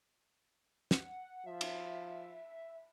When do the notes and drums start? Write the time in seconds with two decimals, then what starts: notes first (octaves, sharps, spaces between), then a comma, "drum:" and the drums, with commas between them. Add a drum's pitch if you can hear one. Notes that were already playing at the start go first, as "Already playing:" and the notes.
0.91 F#5, drum: snare
1.46 F3 E5
1.61 drum: cymbal